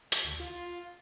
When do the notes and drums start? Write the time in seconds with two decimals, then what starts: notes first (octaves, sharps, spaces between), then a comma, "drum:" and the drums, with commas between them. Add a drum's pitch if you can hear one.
0.12 drum: hi-hat
0.25 D2
0.40 F4